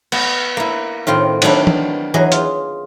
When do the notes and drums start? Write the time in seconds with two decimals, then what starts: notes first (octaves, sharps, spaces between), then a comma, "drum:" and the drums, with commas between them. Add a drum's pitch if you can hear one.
0.12 B3, drum: cymbal
0.57 A#3 E4
1.07 A2 D#3 C4 F4
1.42 D#3 F#3 B3 D4 E4, drum: cymbal
1.67 drum: tom
2.14 E2 E3 F#3 G#4 D#5
2.32 F4, drum: hi-hat